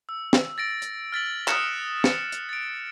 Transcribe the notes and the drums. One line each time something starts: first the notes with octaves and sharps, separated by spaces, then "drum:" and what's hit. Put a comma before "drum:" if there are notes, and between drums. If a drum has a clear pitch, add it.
E6
drum: snare
A6 A#6 D7
drum: hi-hat
F6 A6 B6 F#7
D#6 F6 F#6 C#7 E7, drum: clap
D#6 C#7, drum: snare
drum: hi-hat
A6 D7